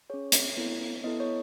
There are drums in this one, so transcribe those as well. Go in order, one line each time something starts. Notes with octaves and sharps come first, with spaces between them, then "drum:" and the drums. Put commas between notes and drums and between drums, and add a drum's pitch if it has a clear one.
C#4 G#4 C#5
drum: hi-hat
B3 E4 A4
B3 E4 A4 D#5
C#5